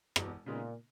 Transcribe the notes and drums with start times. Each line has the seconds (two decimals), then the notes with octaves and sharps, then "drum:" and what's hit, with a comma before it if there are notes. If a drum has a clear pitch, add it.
0.16 E1 E2 B2, drum: rim click
0.46 A#2 C#3 G#3 B3 D#4